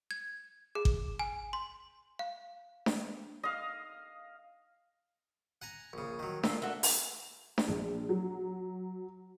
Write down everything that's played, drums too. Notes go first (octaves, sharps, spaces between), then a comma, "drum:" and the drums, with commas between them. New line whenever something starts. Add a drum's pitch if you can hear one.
G#6
G#4
drum: kick G#1
G#5
C6
F5
drum: snare D4
D#5 F5
F#5 G#5 A#5
A#1 C#3
D#3 F#3
A#2 A#3 F4 A4, drum: snare D4
A3 F#4
drum: open hi-hat
drum: snare D4
A#1
F#3